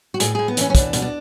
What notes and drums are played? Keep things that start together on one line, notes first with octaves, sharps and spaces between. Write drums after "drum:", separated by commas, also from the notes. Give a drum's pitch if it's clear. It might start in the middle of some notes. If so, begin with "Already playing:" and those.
F#4
A2 G#4, drum: hi-hat
A2 G#4
B3
E3 C#4, drum: hi-hat
C#4
B2 D4, drum: kick, hi-hat
B2, drum: hi-hat
D4